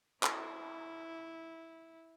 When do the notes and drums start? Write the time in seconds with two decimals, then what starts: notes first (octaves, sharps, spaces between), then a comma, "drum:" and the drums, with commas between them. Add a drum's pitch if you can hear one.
0.23 E4, drum: clap